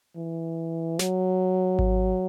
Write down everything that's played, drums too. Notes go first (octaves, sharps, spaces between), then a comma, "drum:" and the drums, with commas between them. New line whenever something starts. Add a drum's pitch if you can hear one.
E3
F#3, drum: snare
drum: kick G#1